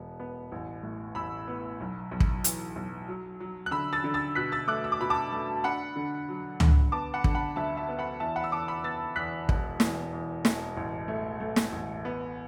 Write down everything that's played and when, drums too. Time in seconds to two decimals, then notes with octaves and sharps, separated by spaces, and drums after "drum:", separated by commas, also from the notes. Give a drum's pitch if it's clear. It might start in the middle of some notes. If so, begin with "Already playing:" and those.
Already playing: E1 B3
0.20 B3
0.52 A1
0.83 A2
1.15 A1 B5 E6
1.48 B3
1.80 B1
2.11 B1
2.20 drum: kick
2.44 E3, drum: hi-hat
2.76 B1
3.08 F#3
3.40 F#3
3.66 F#6
3.71 D3 B5 E6
3.93 E6 A6
4.04 D3
4.14 E6 A6
4.35 B2 F#6 B6
4.52 E6 A6
4.67 A3 D6 F#6
4.84 E6
4.92 D6
5.00 B2 B5
5.10 A5 D6
5.32 A3
5.64 D4 F#5 B5
5.96 D3
6.29 F#3
6.60 D3, drum: tom C#2
6.92 B3 A5 D6
7.14 F#5 B5
7.24 D3, drum: kick
7.35 F#5 B5
7.56 D2 E5 A5
7.77 E5 A5
7.89 B3
7.99 F#5 B5
8.20 E2 E5 A5
8.36 F#5 B5
8.44 E6
8.52 E2 A5 D6
8.68 B5 E6
8.84 B3 E6 A6
9.16 E2 F#6 B6
9.49 E1, drum: kick
9.80 E2, drum: snare
10.13 E2
10.45 E1, drum: snare
10.77 A1
11.08 A3
11.40 A3
11.56 drum: snare
11.72 A1
12.05 B3